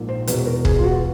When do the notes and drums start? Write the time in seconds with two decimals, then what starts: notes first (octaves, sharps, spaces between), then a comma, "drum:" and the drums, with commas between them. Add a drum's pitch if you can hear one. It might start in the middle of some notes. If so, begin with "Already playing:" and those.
Already playing: A#1 G#2 F3 A#3
0.09 C5
0.27 E1 E2 B2 B4, drum: hi-hat
0.46 A#4
0.65 G#4, drum: kick
0.79 F4
0.84 F#4